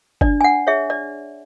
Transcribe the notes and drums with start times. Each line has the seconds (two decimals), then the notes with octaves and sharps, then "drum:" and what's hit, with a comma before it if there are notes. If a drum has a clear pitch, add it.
0.21 D4 D5, drum: kick F#1
0.41 G#5
0.44 F#5
0.67 G#4 C#5 E5
0.90 D5